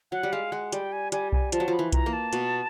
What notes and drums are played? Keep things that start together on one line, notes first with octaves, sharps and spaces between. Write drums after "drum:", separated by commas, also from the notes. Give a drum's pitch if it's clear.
F#3 F#5
G3
G#3 F5
G#3 F#5
G3 G5, drum: hi-hat
G#5
G3 G#5, drum: hi-hat
G#5, drum: kick B1
F3 A5, drum: hi-hat
F#3
F3
B5
E3
A#5, drum: kick B1, hi-hat
A#3
A5
B2 B3, drum: hi-hat